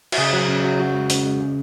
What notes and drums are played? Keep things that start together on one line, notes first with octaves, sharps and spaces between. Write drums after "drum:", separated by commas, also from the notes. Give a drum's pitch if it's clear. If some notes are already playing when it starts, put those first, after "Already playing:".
F#4, drum: cymbal
C#3 G#4
F#3
C#3
F#3
C#3 F#4
G#3
C#3 C#4, drum: hi-hat
G#3
C#3